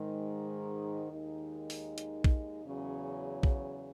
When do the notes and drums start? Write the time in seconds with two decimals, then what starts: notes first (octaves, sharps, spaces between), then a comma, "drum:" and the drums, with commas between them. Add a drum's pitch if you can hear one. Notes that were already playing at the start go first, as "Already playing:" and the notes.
Already playing: G#2 D#3 G#3
1.11 D#2 D#3 G#3 D#4
1.70 drum: open hi-hat
1.98 drum: hi-hat
2.24 drum: kick
2.63 E2 C#3 F#3 C#4
3.43 drum: kick